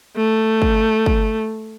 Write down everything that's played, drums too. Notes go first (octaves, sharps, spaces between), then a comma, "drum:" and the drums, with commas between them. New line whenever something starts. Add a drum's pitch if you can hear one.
A3
drum: kick
drum: kick